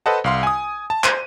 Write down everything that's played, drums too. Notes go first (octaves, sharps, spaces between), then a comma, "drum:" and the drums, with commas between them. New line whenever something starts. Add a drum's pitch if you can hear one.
A4 B4 C5 D#5 F#5 A5
C2 F5 C6
G#5 D#6
A5
C5 D#7, drum: clap